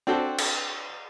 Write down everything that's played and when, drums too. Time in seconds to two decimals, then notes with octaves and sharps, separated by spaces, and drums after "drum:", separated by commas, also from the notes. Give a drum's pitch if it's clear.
0.07 C4 D4 F#4 A4 C5
0.39 drum: cymbal